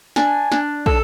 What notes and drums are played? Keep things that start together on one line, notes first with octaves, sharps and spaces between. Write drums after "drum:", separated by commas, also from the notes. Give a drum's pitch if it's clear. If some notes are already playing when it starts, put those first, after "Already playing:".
D4 G#5, drum: snare
D4, drum: snare
A4, drum: kick